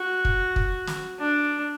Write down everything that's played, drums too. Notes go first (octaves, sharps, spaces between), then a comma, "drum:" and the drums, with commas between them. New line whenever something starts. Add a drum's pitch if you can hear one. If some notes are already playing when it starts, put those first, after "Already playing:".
Already playing: F#4
drum: kick
drum: kick
drum: snare
D4